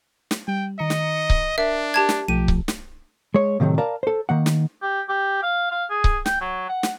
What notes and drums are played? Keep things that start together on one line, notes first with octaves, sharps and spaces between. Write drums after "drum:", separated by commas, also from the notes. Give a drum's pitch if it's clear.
drum: snare
G3 G5
D#3 D#5 A#5 C#7
drum: snare
drum: kick C#1
D4 A#4 E5
G4 A5 G#6
drum: snare
B1 F3 A3 G4 D#7
drum: kick C#1
drum: snare
G#3 C#5
A2 C3 D#3 F#3 A3
A#4 D5 F5 A5 A#5
A4 C5
D#3 A#3 F#5
drum: snare
G4
G4
F5
F5
G#4
drum: kick C#1
G5, drum: snare
F#3
F#5
drum: snare